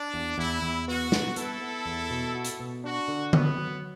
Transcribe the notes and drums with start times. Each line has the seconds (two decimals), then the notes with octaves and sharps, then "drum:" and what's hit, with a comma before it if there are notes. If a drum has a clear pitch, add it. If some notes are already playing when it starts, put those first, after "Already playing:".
Already playing: D4
0.14 E2
0.38 E2 E4
0.62 E2
0.87 B3 F#4
1.12 B3, drum: snare
1.36 B3 E4 A4, drum: hi-hat
1.61 B3
1.86 E2
2.10 B2
2.35 F#4
2.45 drum: hi-hat
2.60 B2
2.84 D4 F#4
3.08 D3
3.33 F#3 B3, drum: tom D3
3.58 F#3